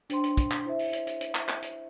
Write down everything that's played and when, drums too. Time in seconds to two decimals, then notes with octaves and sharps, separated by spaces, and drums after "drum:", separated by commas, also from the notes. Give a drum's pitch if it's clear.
0.10 D4 C5 G5 C6, drum: hi-hat
0.24 drum: hi-hat
0.37 drum: kick, hi-hat
0.51 drum: clap
0.65 E4 C5 E5
0.79 drum: open hi-hat
0.93 drum: hi-hat
1.07 drum: hi-hat
1.21 drum: hi-hat
1.35 drum: clap
1.49 drum: clap
1.62 drum: hi-hat